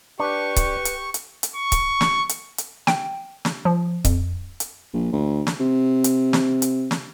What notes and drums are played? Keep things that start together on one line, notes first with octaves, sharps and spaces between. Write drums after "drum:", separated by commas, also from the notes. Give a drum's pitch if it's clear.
D4 G4 B4 C#6
drum: kick C#1, hi-hat
drum: hi-hat
drum: hi-hat
drum: hi-hat
C#6
drum: kick C#1, hi-hat
drum: snare
drum: hi-hat
drum: hi-hat
G5, drum: snare
drum: snare
F3
F2, drum: kick C#1, hi-hat
drum: hi-hat
A#1
D2
drum: snare
C3
drum: hi-hat
drum: snare
drum: hi-hat
drum: snare